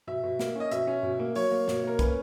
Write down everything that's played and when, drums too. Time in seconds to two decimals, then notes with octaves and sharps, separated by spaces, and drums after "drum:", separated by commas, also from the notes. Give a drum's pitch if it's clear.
0.07 B2 E5
0.23 B2
0.39 A#3, drum: snare
0.56 C#4 D#5
0.71 B2 E5, drum: hi-hat
0.87 C#4
1.03 B2
1.19 A#3
1.35 F#3 C#5, drum: open hi-hat
1.51 A#3
1.68 B2, drum: snare
1.83 A#3 A#4
1.99 C#4 B4, drum: kick, hi-hat